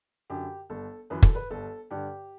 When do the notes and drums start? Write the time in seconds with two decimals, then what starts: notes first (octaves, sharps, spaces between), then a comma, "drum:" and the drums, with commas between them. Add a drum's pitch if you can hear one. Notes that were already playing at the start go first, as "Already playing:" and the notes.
0.30 F#2 D3 G4
0.70 G1 A4
1.10 F#2 E3 B4
1.23 A4, drum: kick
1.35 B4
1.51 G1 A4
1.91 G2 D3 G4